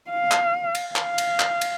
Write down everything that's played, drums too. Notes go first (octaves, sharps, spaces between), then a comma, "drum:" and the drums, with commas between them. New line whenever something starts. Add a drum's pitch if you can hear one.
F5
drum: clap
drum: cymbal
F5, drum: clap
drum: cymbal
drum: clap
drum: cymbal